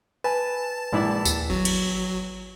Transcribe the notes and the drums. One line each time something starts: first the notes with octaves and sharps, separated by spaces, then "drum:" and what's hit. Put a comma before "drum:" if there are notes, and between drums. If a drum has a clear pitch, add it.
B4 G#5 A5
A#1 G#3 E4 D5
D#2, drum: tambourine
G#1 F#3
drum: cymbal